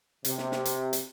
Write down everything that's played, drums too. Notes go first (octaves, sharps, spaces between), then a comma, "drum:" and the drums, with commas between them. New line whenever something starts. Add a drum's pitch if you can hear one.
C3, drum: hi-hat
drum: snare
drum: snare
drum: hi-hat
drum: hi-hat